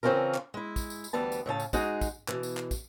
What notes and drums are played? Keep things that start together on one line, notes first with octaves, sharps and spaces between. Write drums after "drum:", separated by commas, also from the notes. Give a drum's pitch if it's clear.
C#3 E3 C4 C#4 F4 A#4
drum: clap
G#3 E4
drum: kick, tambourine
drum: tambourine
drum: tambourine
D2 E3 G3 B3 A5
drum: tambourine
A2 C#3 C#4 A5
drum: tambourine
G#3 D#4 F#4 G#4, drum: kick, tambourine
drum: kick, tambourine
B2 E3, drum: clap
drum: tambourine
drum: clap
drum: kick, tambourine